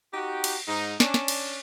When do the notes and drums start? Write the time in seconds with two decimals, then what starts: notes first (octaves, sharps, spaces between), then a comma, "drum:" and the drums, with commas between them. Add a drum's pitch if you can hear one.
0.14 D#4 F#4 G4
0.44 drum: cymbal
0.67 G#2 D#4
1.00 C#4 D4, drum: snare
1.14 drum: snare
1.28 drum: cymbal